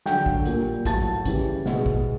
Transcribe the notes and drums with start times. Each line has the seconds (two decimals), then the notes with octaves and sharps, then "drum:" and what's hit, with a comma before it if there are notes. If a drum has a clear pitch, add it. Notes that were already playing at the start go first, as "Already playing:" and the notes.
0.06 D3 F#3 G5 G6, drum: snare
0.26 drum: kick
0.46 A#2 G3, drum: hi-hat
0.85 A2 F#3 A5 A6, drum: kick, hi-hat
1.25 C#3 E3 G3, drum: kick, hi-hat
1.66 B2 G#3, drum: snare
1.86 drum: kick